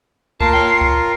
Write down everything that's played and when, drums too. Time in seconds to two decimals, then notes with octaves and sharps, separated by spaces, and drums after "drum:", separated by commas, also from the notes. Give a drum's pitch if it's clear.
0.41 A#3 F4 A#4 A5 C7, drum: kick
0.53 C#5 G5
0.81 drum: kick